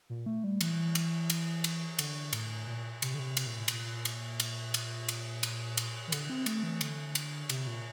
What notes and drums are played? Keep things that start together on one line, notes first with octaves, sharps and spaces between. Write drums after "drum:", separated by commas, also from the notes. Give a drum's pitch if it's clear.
A#2
A3
G3
E3, drum: cymbal
drum: cymbal
drum: cymbal
drum: cymbal
D3, drum: cymbal
A2, drum: cymbal
A#2
C3, drum: cymbal
D3
C3
C3, drum: cymbal
A#2
A2
A#2, drum: cymbal
drum: cymbal
drum: cymbal
drum: cymbal
drum: cymbal
drum: cymbal
drum: cymbal
E3
D3, drum: cymbal
C4
A3, drum: cymbal
E3
D3, drum: cymbal
drum: cymbal
C3, drum: cymbal
A#2